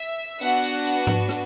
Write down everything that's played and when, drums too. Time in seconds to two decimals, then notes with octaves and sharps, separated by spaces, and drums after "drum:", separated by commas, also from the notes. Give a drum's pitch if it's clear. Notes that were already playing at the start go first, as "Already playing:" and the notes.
Already playing: E5
0.41 B3 D4 F#4 F#5, drum: tambourine
0.63 drum: tambourine
0.85 drum: tambourine
1.07 drum: tom G#2
1.29 drum: rim click